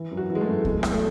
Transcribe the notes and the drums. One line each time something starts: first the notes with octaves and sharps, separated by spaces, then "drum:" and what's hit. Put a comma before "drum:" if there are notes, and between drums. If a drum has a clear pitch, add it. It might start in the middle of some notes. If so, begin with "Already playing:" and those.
Already playing: E3
F#2
F#4
E3
G#3
A3
F#2
B2 G#3, drum: kick C2
E2, drum: rim click
A3